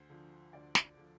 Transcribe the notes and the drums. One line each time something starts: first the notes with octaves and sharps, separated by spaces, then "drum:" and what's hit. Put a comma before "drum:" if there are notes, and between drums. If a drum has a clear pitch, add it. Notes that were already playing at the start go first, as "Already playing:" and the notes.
Already playing: D2 C5
D3 F3
D2 D5
drum: snare
D3 F3